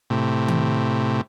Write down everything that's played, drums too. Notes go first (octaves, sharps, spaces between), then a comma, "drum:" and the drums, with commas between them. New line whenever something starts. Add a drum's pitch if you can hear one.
A2 C3
drum: tom D#3